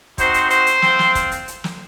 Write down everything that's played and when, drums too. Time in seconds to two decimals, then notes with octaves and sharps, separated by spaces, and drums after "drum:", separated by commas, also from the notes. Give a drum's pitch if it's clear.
0.18 C4 D#4 F#4 C5, drum: kick, hi-hat
0.34 drum: hi-hat
0.50 C5, drum: hi-hat
0.67 drum: hi-hat
0.82 C4 F4, drum: snare
0.99 drum: snare
1.15 drum: kick, hi-hat
1.32 drum: hi-hat
1.48 drum: hi-hat
1.64 drum: snare